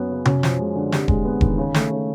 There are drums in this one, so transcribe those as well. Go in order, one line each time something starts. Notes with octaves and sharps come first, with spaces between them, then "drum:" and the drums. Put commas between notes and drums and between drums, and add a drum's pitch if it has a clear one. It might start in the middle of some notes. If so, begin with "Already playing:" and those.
Already playing: F#2 F#3 B3
C#3
F#2, drum: tom C3
F3, drum: snare
G#3
D3
C3, drum: snare
G#3, drum: kick E1
B3
D#3, drum: kick E1
C#3
A3, drum: snare
C#3